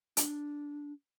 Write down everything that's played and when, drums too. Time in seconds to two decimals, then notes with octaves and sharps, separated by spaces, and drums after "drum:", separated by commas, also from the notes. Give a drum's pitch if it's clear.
0.17 D4, drum: hi-hat